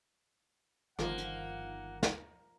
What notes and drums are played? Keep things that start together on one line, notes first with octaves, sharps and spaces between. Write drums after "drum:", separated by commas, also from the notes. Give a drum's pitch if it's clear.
G1 D#3 F3 A#3 F#5, drum: rim click
drum: hi-hat
drum: snare